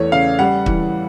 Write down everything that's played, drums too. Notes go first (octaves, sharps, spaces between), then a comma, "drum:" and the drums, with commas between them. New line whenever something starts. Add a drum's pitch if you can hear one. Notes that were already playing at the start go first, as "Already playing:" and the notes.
Already playing: E2 E3 A3 C#5
C#3 F5
G3 F#5
E3, drum: kick